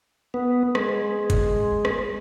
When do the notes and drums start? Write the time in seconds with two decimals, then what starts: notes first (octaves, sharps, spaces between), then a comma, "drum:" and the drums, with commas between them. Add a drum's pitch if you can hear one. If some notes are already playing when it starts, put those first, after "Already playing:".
0.34 B3
0.75 G#3, drum: rim click
1.30 drum: kick, hi-hat
1.85 drum: rim click